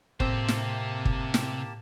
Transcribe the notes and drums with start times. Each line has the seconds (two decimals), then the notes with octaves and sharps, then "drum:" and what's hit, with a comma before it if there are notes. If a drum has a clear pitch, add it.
0.20 A2 C3 A#3 C4 G4 E5 A5, drum: kick
0.48 drum: snare
1.05 drum: kick
1.34 drum: snare